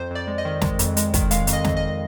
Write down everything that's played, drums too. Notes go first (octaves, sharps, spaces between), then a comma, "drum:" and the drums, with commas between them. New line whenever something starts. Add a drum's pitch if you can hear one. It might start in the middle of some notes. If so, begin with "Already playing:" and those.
Already playing: F2 C5
F2 D5
G#3
D#5
D#3
G#3, drum: snare
F2, drum: hi-hat
G#3, drum: hi-hat
D#3, drum: kick, hi-hat
G#3 F5, drum: hi-hat
F2, drum: hi-hat
D#5
F2, drum: snare
D#5